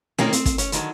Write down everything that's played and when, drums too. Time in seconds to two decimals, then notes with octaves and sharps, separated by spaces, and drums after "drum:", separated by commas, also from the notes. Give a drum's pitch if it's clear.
0.18 D#3 A#3 C4 C#4, drum: snare
0.33 C4, drum: hi-hat
0.46 drum: kick, hi-hat
0.58 C#4, drum: hi-hat
0.72 D3 D#3 F3 F#3, drum: hi-hat